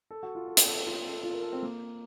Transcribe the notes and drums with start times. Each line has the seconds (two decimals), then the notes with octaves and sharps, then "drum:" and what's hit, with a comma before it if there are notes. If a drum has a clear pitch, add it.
0.11 A4
0.23 F#4
0.35 F4
0.48 A4
0.57 drum: hi-hat
0.67 A4
0.87 F4
1.06 A4
1.23 F4
1.33 A#4
1.43 A4
1.53 C4
1.63 A#3